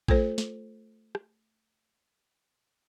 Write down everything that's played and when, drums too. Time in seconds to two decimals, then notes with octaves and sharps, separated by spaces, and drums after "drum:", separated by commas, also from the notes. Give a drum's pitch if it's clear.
0.08 A3 F4 A4 C5, drum: kick
0.38 drum: snare
1.15 drum: rim click